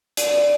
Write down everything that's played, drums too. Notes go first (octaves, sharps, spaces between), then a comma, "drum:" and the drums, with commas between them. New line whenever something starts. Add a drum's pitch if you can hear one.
D5, drum: hi-hat